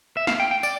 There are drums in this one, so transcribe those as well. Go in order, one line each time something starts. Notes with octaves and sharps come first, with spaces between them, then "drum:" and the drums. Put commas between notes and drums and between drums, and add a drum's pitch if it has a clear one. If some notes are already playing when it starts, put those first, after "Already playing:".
E5
F5, drum: snare
G5
G5
D5, drum: tambourine